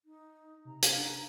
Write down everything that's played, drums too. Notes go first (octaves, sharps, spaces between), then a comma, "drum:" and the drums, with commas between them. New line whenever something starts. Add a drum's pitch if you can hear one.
D#4
C3 A#5
drum: hi-hat
D4